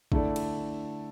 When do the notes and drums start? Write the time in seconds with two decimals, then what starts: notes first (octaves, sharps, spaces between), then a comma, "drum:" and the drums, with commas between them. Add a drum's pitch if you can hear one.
0.12 D3 A3 E4 A4 D5, drum: kick
0.36 drum: cymbal